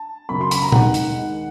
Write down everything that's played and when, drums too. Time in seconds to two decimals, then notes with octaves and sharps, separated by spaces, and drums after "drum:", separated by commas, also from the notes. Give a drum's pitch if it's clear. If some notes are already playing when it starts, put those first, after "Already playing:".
Already playing: A5
0.29 F#2 C#3 F#3 B5
0.41 C6
0.51 B5, drum: hi-hat
0.62 A#5
0.72 D#2 D#3 G#3 F#5, drum: tom A#2
0.94 drum: hi-hat
1.16 D#2 D#3 G#3